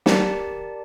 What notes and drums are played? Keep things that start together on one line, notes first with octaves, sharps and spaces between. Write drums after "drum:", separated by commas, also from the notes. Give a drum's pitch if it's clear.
G4 A#4 D5 A5, drum: snare